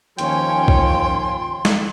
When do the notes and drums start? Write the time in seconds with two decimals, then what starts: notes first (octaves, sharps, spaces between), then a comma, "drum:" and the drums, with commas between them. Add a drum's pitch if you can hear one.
0.19 D#2 F3 C#4 C#5 G5 G#5 C6, drum: hi-hat
0.68 drum: kick B1
1.65 drum: snare